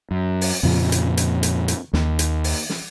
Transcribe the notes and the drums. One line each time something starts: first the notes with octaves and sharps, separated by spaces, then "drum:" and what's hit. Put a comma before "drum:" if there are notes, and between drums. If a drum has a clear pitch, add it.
F#2
drum: open hi-hat
F2 A#2 C#3 F3
drum: hi-hat
drum: hi-hat
drum: hi-hat
drum: hi-hat
D#2, drum: snare
drum: hi-hat
drum: open hi-hat
drum: snare